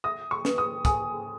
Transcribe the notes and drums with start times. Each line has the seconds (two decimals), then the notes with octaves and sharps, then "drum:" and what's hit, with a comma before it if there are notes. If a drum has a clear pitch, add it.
0.04 E5 D#6
0.31 C#6
0.45 B4, drum: snare
0.58 D#6
0.85 G#5 D#6, drum: kick, hi-hat